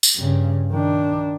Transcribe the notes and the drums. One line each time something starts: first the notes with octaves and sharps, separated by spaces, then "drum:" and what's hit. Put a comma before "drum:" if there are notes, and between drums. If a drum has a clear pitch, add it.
drum: tambourine
G2 C#3
D#3 D4